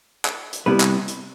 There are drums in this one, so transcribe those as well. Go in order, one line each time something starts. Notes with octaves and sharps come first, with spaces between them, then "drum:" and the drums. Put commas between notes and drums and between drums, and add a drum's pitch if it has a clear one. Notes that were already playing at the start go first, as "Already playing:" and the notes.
drum: clap
drum: hi-hat
C3 G3 B3 E4 B4
drum: clap
drum: hi-hat